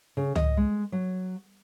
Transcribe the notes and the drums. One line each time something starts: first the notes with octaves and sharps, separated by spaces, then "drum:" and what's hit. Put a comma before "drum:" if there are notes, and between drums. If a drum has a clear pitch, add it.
C#3
D#5, drum: tom C#2
G#3
F#3